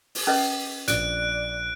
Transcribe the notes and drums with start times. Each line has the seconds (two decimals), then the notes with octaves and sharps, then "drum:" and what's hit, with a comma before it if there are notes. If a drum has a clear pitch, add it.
0.15 drum: open hi-hat
0.27 C#4 B4 D#5
0.88 A#1 D5 F#6 D7, drum: hi-hat